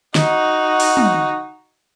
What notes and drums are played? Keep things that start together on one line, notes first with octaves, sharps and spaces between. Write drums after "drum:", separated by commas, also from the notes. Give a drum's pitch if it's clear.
D#4 F#4, drum: snare
drum: open hi-hat
drum: tom